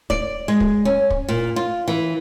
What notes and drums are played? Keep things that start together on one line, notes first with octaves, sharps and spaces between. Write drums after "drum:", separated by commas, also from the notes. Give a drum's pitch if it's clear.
D5, drum: kick
G#3
drum: kick
C#4
drum: kick
A#2
F4
E3